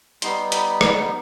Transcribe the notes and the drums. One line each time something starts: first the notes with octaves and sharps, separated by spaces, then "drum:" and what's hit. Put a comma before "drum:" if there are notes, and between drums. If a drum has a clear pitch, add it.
G3 B3 D#4 C6, drum: hi-hat
B5, drum: hi-hat
drum: rim click